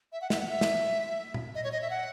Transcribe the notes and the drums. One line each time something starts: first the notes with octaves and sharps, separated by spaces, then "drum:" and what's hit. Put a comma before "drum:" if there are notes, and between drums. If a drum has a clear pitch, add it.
E5
F#5
E5, drum: snare
F#5
E5
drum: snare
drum: tom A#2
D#5
C#5
D#5
E5
F#5